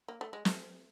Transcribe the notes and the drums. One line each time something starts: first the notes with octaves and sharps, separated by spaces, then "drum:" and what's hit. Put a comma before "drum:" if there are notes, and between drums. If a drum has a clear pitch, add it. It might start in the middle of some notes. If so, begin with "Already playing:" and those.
A#3
A3
G#3
A3, drum: snare